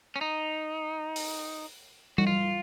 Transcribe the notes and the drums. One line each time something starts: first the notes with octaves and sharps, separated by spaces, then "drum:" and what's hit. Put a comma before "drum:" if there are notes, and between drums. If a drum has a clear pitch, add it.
C#4
D#4
drum: open hi-hat
F#4, drum: tom G3
F4